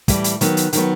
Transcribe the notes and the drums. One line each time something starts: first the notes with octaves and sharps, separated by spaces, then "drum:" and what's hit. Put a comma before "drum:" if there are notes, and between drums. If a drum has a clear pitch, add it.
A2 E3 G3, drum: kick, hi-hat
drum: hi-hat
D#3 F#3 B3, drum: hi-hat
drum: hi-hat
D#3 F#3 B3, drum: hi-hat